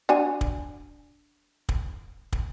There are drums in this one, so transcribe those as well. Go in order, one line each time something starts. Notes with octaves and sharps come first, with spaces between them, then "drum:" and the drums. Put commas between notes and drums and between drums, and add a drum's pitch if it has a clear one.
D4 F#4 G#5
drum: kick
drum: kick
drum: kick